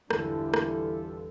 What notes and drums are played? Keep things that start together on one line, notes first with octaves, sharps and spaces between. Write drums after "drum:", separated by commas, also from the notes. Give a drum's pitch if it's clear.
G1 E2 D3 E3 F4 G4 A4, drum: rim click
drum: rim click